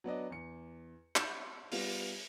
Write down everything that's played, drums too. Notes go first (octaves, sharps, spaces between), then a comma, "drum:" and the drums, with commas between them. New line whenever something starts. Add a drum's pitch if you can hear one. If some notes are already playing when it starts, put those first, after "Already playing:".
F#3 B3 D4 D#5
E2 C#7
B5 G6 E7, drum: clap
G3 B3 F4, drum: open hi-hat